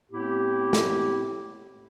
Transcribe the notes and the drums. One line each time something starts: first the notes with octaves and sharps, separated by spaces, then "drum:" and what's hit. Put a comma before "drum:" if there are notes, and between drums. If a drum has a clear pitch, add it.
A2 A3 B3 C4 E4 G4
drum: snare